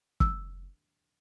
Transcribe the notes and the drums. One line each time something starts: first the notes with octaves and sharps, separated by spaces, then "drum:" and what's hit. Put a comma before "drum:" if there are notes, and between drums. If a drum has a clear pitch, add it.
E6, drum: kick F#1